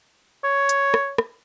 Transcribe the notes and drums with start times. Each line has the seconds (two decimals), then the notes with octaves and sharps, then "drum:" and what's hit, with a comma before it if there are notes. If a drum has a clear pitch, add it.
0.45 C#5
0.69 drum: hi-hat
0.94 drum: rim click
1.18 drum: rim click